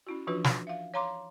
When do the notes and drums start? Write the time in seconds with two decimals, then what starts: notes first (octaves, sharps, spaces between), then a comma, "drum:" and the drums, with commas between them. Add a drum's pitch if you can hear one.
0.07 C#4 E4 F#4
0.27 E3 F3 D4 F4 F#4 B4
0.44 drum: snare
0.67 E5 F5
0.94 C#5 F5 A#5 C6 D6